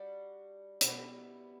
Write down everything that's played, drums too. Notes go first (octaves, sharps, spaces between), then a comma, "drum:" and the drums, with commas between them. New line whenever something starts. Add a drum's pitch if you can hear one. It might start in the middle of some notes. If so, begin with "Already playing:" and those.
Already playing: G3 D4 F#4
B2 G3 B3 E4, drum: hi-hat